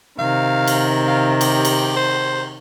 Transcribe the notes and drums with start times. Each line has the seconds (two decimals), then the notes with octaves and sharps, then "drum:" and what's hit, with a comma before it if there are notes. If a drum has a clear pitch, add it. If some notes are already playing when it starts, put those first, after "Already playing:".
0.19 C3 D#3 F5
0.67 drum: cymbal
1.08 F5
1.41 G4, drum: cymbal
1.65 drum: cymbal
1.96 C5